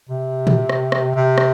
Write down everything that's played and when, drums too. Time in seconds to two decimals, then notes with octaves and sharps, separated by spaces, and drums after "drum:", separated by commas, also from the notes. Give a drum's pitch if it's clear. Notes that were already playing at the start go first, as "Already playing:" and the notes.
0.09 C3
0.47 drum: tom A#2
0.69 drum: rim click
0.92 drum: rim click
1.15 C3
1.38 drum: rim click